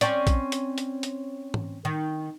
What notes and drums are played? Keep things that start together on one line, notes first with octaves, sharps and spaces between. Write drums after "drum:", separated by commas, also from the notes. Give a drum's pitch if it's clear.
C4 C#4 D5, drum: hi-hat
drum: kick A#1, hi-hat
drum: hi-hat
drum: hi-hat
drum: hi-hat
drum: tom
D#3